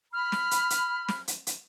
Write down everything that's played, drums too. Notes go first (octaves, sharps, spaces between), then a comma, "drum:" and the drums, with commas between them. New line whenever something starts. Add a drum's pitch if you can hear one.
B5 F6
drum: snare
drum: hi-hat
drum: hi-hat
drum: snare
drum: hi-hat
drum: hi-hat